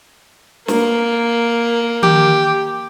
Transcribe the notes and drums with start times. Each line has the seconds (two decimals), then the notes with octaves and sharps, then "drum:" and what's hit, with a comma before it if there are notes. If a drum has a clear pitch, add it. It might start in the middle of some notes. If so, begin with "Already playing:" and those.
0.68 A#3, drum: snare
2.03 G4, drum: tom D#3